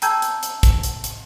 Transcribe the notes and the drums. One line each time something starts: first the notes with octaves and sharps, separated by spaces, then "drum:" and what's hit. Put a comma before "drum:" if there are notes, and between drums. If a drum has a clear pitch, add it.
G5 A5 A#5 E6 G6 G#6, drum: hi-hat
drum: hi-hat
drum: hi-hat
drum: kick, hi-hat
drum: hi-hat
drum: hi-hat